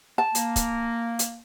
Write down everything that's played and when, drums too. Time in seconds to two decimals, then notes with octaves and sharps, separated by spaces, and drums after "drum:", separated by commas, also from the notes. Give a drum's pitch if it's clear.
0.18 A5
0.35 A#3, drum: hi-hat
0.56 drum: kick, hi-hat
1.19 drum: hi-hat